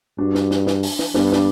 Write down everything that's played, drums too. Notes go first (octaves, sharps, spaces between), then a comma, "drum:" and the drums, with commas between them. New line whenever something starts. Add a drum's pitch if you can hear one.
G2 D4 F#4
drum: snare
drum: snare
drum: snare
drum: open hi-hat
drum: snare
G2 B3 D4, drum: snare
D4, drum: snare